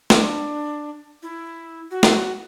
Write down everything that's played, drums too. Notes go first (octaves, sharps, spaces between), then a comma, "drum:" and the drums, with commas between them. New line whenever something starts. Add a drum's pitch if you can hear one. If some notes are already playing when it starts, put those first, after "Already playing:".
D4, drum: snare
E4
F#4
drum: snare